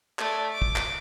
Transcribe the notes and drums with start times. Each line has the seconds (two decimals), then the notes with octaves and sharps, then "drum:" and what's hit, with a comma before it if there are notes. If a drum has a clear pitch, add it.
0.19 A3 D5, drum: clap
0.52 D6
0.62 drum: kick
0.76 drum: clap